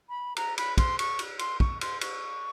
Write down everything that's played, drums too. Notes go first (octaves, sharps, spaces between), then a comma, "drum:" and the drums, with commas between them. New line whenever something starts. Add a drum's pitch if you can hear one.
B5
A#5, drum: cymbal
B5, drum: cymbal
C6, drum: kick, cymbal
C#6, drum: cymbal
drum: cymbal
C6, drum: cymbal
C#6, drum: kick
C6, drum: cymbal
C#6, drum: cymbal